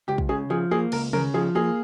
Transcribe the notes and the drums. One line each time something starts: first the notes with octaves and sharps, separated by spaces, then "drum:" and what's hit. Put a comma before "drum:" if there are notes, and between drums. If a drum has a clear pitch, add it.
C#2 G4
drum: kick
C#3 G#4
F3 G#4
A#3 G#4
C#2 A#4, drum: cymbal
C#3 A#4, drum: tom
F3 G#4
A#3 G#4